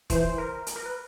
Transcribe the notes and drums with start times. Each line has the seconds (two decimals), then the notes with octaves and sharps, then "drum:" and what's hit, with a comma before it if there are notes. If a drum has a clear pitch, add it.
0.10 E3 C5, drum: kick, hi-hat
0.38 A#4
0.67 drum: hi-hat
0.76 A#4
0.85 B4